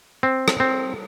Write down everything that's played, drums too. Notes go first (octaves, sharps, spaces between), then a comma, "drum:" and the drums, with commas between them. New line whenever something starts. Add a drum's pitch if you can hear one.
C4
drum: rim click
C4